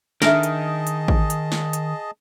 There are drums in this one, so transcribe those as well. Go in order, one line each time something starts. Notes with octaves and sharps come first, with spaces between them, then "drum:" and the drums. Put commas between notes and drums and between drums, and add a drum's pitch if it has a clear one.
D#3 D4 G#4 A#4 D#5 E5 A5, drum: snare
drum: hi-hat
drum: hi-hat
drum: kick A1
drum: hi-hat
drum: snare
drum: hi-hat